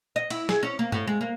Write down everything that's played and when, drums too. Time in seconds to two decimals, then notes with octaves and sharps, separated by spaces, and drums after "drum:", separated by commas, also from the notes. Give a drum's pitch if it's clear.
0.16 D#5
0.30 E4, drum: cymbal
0.49 G#4, drum: snare
0.63 C#4
0.79 A#3
0.92 A2, drum: tom G2
1.07 G#3
1.21 A#3